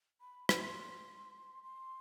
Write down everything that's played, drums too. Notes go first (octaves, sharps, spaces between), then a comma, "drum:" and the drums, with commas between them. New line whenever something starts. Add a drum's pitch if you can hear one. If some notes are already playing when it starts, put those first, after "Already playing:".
B5
C6, drum: rim click
C6